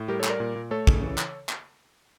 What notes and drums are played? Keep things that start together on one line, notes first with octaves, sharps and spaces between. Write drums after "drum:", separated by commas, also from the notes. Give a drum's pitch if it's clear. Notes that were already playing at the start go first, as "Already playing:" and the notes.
Already playing: A2
G3 G4 A#4
A4 C#5
G3, drum: clap
A#4 D5
A#2
A#2
A3 A4 C#5
C#3, drum: kick
E3
drum: clap
drum: clap